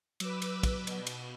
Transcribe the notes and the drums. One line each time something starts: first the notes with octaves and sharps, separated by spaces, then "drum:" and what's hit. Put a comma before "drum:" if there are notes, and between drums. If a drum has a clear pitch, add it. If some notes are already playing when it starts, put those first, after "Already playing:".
F#3 B4 D6 E6, drum: cymbal
drum: cymbal
drum: kick, cymbal
B2, drum: cymbal
drum: cymbal